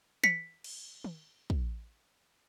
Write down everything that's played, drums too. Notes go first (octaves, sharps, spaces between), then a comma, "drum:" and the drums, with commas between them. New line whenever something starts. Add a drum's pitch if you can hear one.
B6 C#7, drum: tom E3
drum: cymbal
drum: tom
drum: kick